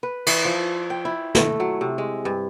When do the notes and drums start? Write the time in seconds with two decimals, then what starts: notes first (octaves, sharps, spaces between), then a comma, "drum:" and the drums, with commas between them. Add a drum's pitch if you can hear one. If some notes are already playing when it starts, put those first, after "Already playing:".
0.03 B4
0.27 E3, drum: cymbal
0.45 F3
0.90 G5
1.05 E4
1.35 A3, drum: snare
1.60 F#3
1.81 C3
1.98 G#3
2.25 G2